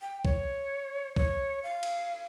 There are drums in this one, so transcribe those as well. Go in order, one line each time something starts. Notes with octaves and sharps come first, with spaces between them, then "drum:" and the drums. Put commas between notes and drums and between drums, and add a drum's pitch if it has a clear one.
G5
C#5, drum: kick
C#5, drum: kick
F5
drum: cymbal